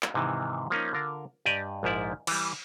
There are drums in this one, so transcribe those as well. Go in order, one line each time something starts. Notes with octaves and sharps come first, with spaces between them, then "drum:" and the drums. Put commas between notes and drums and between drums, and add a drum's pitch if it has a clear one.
drum: clap
G#2 C3 D#3 E3
F3 A#3 C#4 D#4
D3 F4 A#4
G2 G4 D5 D#5 G#5
A#1 G#2 F3 E4 D5
E3 G3, drum: cymbal